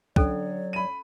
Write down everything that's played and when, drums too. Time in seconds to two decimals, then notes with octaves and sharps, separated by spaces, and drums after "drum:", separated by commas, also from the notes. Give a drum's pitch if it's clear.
0.16 D3 F#3 C#4 A4 C#5 D5, drum: kick
0.73 B5 D#7